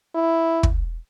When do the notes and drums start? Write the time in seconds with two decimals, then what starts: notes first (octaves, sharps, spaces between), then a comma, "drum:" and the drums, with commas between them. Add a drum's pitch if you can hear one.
0.15 E4
0.63 drum: kick